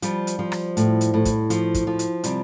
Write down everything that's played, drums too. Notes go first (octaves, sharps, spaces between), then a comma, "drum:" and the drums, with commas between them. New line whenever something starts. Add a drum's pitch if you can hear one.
F3 G3, drum: hi-hat
drum: hi-hat
F3
drum: rim click
A2, drum: hi-hat
drum: hi-hat
A2
drum: kick, hi-hat
F3, drum: hi-hat
drum: kick, hi-hat
F3
drum: hi-hat
C3 G3, drum: hi-hat